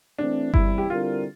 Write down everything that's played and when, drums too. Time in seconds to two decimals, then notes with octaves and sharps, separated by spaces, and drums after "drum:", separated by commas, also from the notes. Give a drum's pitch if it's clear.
0.18 E3 A3 C4 D4
0.54 E2 C3 G3 E4, drum: kick G1
0.78 G4
0.89 D3 G3 C4 E4 F4 A#4